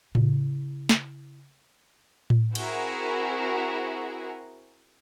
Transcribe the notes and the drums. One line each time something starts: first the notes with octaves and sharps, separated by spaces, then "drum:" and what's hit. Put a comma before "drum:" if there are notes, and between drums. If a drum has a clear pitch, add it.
C#3 E4, drum: tom A2
drum: snare
drum: tom A2
C4 E4 F#4 G#4 A#4, drum: cymbal